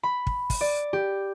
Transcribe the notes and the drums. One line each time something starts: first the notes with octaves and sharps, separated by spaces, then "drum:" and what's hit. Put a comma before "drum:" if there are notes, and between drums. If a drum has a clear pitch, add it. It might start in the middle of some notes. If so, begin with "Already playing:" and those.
B5
drum: kick
drum: kick, open hi-hat
D5
G4